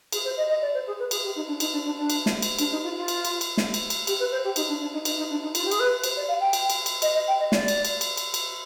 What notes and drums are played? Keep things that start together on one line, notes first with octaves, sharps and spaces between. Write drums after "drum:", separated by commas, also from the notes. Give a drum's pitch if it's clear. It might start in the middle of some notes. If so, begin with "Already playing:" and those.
G#4, drum: cymbal
C5
D#5
D#5
D5
C5
G#4
B4
G#4, drum: cymbal
G4
D#4
D4
D#4, drum: cymbal
D4
D4
D4
drum: cymbal
drum: snare
drum: cymbal
D4, drum: cymbal
D#4
F4
F4
drum: cymbal
drum: cymbal
drum: cymbal
drum: snare
drum: cymbal
drum: cymbal
G4, drum: cymbal
B4
C5
G4
D#4, drum: cymbal
D4
D4
D#4
D#4, drum: cymbal
D#4
D4
D#4
F4, drum: cymbal
G4
G#4, drum: cymbal
B4
C5, drum: cymbal
D5
F5
G5
drum: cymbal
drum: cymbal
drum: cymbal
D#5, drum: cymbal
D#5
G5
D#5
D5, drum: snare
drum: cymbal
drum: cymbal
drum: cymbal
drum: cymbal
drum: cymbal